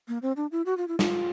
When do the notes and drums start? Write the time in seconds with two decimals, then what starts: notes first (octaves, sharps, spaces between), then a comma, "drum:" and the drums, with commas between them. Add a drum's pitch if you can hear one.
0.08 A#3
0.22 C4
0.36 D4
0.52 E4
0.66 F#4
0.77 F4
0.88 E4
0.99 F4, drum: snare